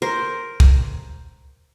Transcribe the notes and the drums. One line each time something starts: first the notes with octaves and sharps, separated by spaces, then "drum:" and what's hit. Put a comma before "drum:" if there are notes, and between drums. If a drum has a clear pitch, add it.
A#4 C5
drum: kick C2